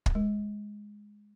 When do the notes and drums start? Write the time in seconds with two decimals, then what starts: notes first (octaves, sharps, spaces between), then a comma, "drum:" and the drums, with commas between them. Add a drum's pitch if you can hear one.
0.06 drum: kick
0.15 G#3